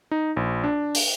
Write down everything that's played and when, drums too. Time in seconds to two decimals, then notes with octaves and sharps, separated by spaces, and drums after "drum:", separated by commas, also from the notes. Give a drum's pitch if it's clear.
0.11 D#4
0.37 A#1
0.64 D4
0.95 drum: open hi-hat